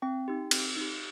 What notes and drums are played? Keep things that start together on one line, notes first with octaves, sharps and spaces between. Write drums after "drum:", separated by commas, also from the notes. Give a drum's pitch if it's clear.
C4 G5
D#4 G4
C4, drum: cymbal
D#4 G4